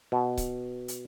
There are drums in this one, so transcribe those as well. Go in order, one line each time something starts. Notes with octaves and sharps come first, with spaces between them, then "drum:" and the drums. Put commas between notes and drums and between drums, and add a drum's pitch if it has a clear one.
B2
drum: kick C#1, hi-hat
drum: hi-hat